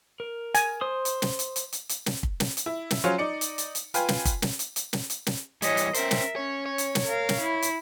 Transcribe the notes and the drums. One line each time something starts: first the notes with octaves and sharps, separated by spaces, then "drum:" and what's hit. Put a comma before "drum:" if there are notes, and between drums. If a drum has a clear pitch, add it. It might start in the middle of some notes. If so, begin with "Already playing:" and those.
A#4
G#5, drum: hi-hat
C5 D#6
drum: hi-hat
drum: snare
drum: hi-hat
drum: hi-hat
drum: hi-hat
drum: hi-hat
drum: snare
drum: kick
drum: snare
drum: hi-hat
E4
drum: snare
F#3 C#4 F4 C5 C#5
D#4 D5 C#7
drum: hi-hat
drum: hi-hat
drum: hi-hat
F4 B4 G5 G#5, drum: hi-hat
drum: snare
drum: kick, hi-hat
drum: snare
drum: hi-hat
drum: hi-hat
drum: snare
drum: hi-hat
drum: snare
E3 G3 C#5 D#5, drum: hi-hat
drum: hi-hat
C#4 A#4 C5 E5, drum: hi-hat
drum: snare
C#4 C#5
C#5
drum: hi-hat
drum: snare
A#4 F5
drum: snare
E4
drum: hi-hat